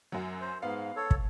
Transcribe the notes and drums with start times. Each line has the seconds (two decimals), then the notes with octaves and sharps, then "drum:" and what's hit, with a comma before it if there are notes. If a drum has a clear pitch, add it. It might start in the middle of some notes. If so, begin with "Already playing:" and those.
0.12 F#2 F#3
0.41 C5
0.62 G#2 B3 F5
0.96 A4 C#5
1.11 drum: kick